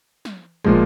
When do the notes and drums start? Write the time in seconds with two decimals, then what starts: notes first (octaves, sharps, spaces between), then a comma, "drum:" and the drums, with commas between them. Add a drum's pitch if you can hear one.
0.25 drum: snare
0.65 A#2 F3 G#3, drum: kick